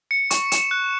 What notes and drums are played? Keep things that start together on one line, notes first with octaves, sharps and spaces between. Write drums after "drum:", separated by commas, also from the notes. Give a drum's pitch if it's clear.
C#7
C#6, drum: hi-hat
E7, drum: hi-hat
F#6